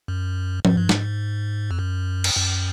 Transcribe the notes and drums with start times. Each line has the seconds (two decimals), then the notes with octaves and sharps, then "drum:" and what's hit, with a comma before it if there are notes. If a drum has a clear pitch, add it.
0.08 F#2
0.65 G#2, drum: tom F3
0.77 G2
0.89 G#2, drum: snare
1.71 F2
1.79 F#2
2.24 drum: cymbal
2.36 F#2